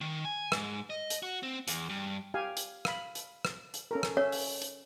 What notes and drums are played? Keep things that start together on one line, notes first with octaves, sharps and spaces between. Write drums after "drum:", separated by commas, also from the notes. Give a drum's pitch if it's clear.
D#3
G#5
G#2, drum: rim click
D#5
drum: hi-hat
F#4
C4
E2, drum: hi-hat
G2
G4 F5 G#5
drum: hi-hat
F5 B5, drum: rim click
drum: hi-hat
drum: rim click
drum: hi-hat
C#4 A4 A#4
drum: rim click
C#4 C#5 E5
drum: open hi-hat
drum: hi-hat